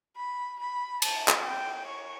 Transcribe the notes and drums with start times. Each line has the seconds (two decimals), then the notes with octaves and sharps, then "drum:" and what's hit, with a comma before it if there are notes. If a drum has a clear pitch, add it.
0.17 B5
0.59 B5
1.02 A5, drum: cymbal
1.28 drum: clap
1.44 G5
1.86 C#5